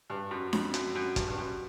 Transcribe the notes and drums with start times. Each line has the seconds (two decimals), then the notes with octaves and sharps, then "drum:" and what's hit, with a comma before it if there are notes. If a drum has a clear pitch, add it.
0.10 G2
0.31 F#2
0.53 F2, drum: snare D4
0.74 F#2, drum: hi-hat
0.95 F#2
1.16 G2, drum: kick, hi-hat
1.28 G2
1.38 F#2